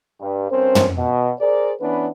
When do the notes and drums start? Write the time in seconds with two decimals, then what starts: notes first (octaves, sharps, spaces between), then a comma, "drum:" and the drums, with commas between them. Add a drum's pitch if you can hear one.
0.21 G2
0.50 G2 C4 C#4 A#4 C5
0.75 drum: tom
0.97 B2
1.40 G#4 A#4 C5 D5
1.81 E3 B3 C#4 D4 B4